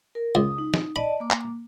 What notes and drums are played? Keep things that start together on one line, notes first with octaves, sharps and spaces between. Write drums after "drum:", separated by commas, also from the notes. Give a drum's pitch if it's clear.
A#4
C#2 D#6
D#4
drum: snare
D5 D#5 A5 B5
A#3 D6
drum: clap